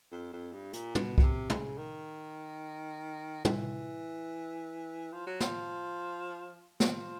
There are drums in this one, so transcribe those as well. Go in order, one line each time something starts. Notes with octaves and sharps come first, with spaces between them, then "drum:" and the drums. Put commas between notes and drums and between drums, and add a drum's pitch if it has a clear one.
F2
F2
G2
A#2, drum: hi-hat
B2, drum: tom
B2, drum: kick C2
C3
C#3, drum: tom
D#3
E3, drum: tom
F3
F#3
F3, drum: snare
F3, drum: snare